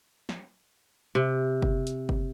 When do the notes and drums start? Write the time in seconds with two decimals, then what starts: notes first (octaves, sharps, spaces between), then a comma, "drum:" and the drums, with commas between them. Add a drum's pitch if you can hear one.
0.29 drum: snare
1.15 C3
1.62 drum: kick F#1
1.87 drum: hi-hat
2.09 drum: kick F#1